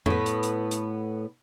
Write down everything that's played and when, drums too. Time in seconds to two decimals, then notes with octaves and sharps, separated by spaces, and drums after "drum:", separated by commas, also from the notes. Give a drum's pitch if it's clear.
0.06 A2 B3, drum: tom F2
0.26 drum: hi-hat
0.43 drum: hi-hat
0.71 drum: hi-hat